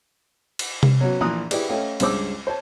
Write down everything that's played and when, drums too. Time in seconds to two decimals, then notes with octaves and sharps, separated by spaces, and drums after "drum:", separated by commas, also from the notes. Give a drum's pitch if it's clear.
0.59 drum: cymbal
0.83 drum: tom C3
1.00 F#3 B3 C#4 F#4
1.21 A#1 A#2 E3 A#5 D#6 F#6
1.51 E4 G4 G#4 B4 D5, drum: cymbal
1.69 A3 C#4 D#5 F5 G5
2.00 C#2 G2 G#3 C5 D6 E6, drum: cymbal
2.47 C5 C#5 A5